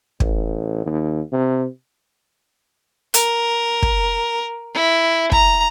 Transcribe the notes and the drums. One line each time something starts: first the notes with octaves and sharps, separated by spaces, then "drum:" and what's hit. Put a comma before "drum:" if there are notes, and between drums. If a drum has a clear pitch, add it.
A1, drum: kick
D#2
C3
A#4, drum: hi-hat
drum: kick
E4
A#5, drum: kick